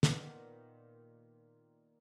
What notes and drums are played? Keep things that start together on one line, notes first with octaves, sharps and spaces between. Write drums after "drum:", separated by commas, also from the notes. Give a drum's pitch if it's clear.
A#2 D#3 B3, drum: snare